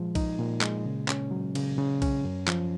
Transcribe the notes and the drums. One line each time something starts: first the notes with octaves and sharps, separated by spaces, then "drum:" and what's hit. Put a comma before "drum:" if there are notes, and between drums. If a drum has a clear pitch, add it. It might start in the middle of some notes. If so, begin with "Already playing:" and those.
Already playing: A#2 F3 G#3
D#4, drum: kick B1, cymbal
A#2
G#3, drum: clap
C#3
C#4, drum: clap
F#3
C#3, drum: cymbal
C#3
C#4, drum: kick B1, cymbal
F#2
F3, drum: clap